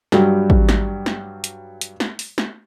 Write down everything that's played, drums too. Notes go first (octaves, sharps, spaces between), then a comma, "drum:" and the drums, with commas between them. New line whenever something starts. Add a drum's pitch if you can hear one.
G2 F#3 G3, drum: snare
drum: kick
drum: snare
drum: snare
drum: hi-hat
drum: hi-hat
drum: snare
drum: open hi-hat
drum: snare